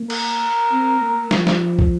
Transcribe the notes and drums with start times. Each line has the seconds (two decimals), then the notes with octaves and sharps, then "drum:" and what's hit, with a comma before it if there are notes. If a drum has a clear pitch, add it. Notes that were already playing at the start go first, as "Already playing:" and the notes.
Already playing: A#3
0.10 A#4, drum: cymbal
0.71 C4
1.01 A#3
1.31 F3, drum: snare
1.47 drum: snare
1.79 drum: kick